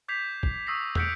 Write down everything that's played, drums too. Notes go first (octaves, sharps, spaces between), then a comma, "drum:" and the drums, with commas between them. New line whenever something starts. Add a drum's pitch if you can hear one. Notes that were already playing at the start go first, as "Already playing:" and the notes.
D6 G6 G#6 B6 C7 F7
drum: kick
C#6 D#6 E6 G6 A#6 C7
E6 F#6 G6 B6 C#7 D7, drum: tom